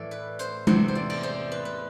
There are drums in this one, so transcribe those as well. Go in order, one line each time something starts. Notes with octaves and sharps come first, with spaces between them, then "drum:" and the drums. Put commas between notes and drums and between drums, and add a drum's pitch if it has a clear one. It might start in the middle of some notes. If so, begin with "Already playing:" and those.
Already playing: A2 E3 D5
B4
C5, drum: hi-hat
E2 C3 E3 C5, drum: tom G#3
C5
D5
D5, drum: cymbal
C5
B4
B4